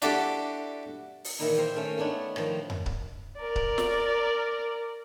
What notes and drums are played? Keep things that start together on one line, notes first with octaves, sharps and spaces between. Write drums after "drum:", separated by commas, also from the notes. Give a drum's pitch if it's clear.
D4 E4 F#4 G4 A4 D5, drum: hi-hat
drum: open hi-hat
A#2 D#3 E3 A#3 D#4 E4
A#4 C5 E5 F5 G5
D#3 A3 C#4
A3 B3 D4 D#4 C#5
A2 D#3 F3, drum: rim click
drum: tom F2
drum: kick C#1
A#4 D5
drum: kick C#1
drum: snare